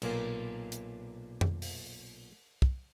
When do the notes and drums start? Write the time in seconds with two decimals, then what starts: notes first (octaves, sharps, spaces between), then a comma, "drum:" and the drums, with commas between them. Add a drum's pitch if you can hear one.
0.02 B1 A#2 A#3, drum: cymbal
0.72 drum: hi-hat
1.41 drum: tom F2
1.62 drum: open hi-hat
2.62 drum: kick